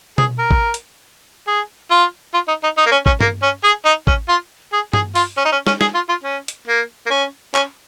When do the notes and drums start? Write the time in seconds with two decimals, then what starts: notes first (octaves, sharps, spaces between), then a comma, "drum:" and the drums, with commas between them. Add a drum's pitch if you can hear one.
0.18 G#4, drum: tom B2
0.39 A#4
0.51 drum: kick A1
0.74 drum: hi-hat
1.47 G#4
1.91 F4
2.34 F4
2.48 D#4
2.64 D#4
2.77 D#4
2.86 A#3
2.92 C#4
3.06 C#4, drum: kick A1
3.21 A#3, drum: tom
3.43 C#4
3.64 G#4
3.85 D#4
4.07 C#4, drum: kick A1
4.29 F4
4.73 G#4
4.93 G#4, drum: tom
5.15 F4, drum: open hi-hat
5.37 C#4
5.45 D#4
5.52 C#4
5.67 C#4, drum: snare
5.81 G#4, drum: snare
5.95 F4
6.09 F4
6.24 C#4
6.48 drum: hi-hat
6.68 A#3
7.06 A#3
7.10 C#4
7.55 C#4, drum: clap